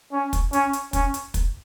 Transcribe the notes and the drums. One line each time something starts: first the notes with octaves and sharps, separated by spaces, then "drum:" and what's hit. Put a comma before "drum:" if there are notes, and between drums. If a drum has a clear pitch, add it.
C#4
drum: kick, hi-hat
C#4, drum: hi-hat
drum: hi-hat
C#4, drum: kick, hi-hat
drum: hi-hat
drum: kick, hi-hat